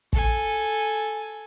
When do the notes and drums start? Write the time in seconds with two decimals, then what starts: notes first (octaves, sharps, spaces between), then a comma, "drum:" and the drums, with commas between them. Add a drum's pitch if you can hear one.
0.13 A4 G#5, drum: kick